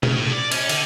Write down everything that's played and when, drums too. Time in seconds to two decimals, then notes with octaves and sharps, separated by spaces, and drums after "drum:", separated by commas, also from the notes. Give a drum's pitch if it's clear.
0.03 C#3, drum: tom B2
0.16 A2
0.33 D5
0.52 C#4, drum: cymbal
0.69 D3, drum: cymbal